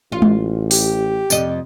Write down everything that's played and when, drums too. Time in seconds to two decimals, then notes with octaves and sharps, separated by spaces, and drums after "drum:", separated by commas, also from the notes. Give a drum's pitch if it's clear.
0.12 A1 F4
0.22 drum: tom G#3
0.71 G4, drum: open hi-hat
1.30 F2 C3 D#5, drum: tambourine